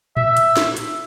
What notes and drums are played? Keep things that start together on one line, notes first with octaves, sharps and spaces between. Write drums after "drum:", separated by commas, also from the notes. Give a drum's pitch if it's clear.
E5, drum: tom A2
drum: hi-hat
drum: snare
drum: hi-hat